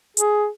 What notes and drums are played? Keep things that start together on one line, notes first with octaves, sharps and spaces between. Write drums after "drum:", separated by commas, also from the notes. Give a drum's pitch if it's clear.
G#4, drum: hi-hat